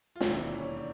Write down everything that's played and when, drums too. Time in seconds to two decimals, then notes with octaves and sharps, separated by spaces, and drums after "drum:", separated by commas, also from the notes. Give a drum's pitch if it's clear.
0.16 F4
0.21 E1 D#2 D3 G3 D4 E4, drum: snare
0.52 C#4
0.76 D4